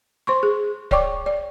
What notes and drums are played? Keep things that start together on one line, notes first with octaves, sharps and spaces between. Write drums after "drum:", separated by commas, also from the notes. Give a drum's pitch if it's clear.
C5 C6 C#6
G#4
C#5 D5 G5 C#6 D6, drum: kick D1
D5